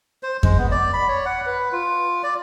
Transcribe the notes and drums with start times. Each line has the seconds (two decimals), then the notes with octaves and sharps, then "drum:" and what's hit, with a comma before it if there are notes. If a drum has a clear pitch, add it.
0.23 C5
0.43 G#3, drum: kick F2
0.58 B3
0.71 D5
0.93 B5
1.08 C#5
1.25 F#5
1.46 B4
1.72 F4
2.23 D5